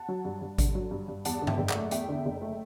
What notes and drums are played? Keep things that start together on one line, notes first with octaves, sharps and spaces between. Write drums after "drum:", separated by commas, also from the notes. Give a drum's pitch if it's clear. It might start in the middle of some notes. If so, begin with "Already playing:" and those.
Already playing: F#5 A5
F#3
G2
G2
D3, drum: kick G#1, hi-hat
F#3
G2
G2
E2 F#5 A5, drum: hi-hat
D3
E5 G5, drum: tom G2
F#1
D5 F#5, drum: clap
A3
E2 E5 G5, drum: hi-hat
D3
F#1
A3